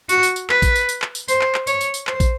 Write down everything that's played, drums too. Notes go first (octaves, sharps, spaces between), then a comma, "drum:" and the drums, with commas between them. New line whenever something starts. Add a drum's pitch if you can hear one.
F#4, drum: tambourine
drum: tambourine
drum: tambourine
B4, drum: clap
drum: kick, tambourine
drum: tambourine
drum: tambourine
drum: clap
drum: tambourine
C5, drum: tambourine
drum: clap
drum: clap
C#5, drum: tambourine
drum: tambourine
drum: tambourine
C5, drum: clap
drum: kick, tambourine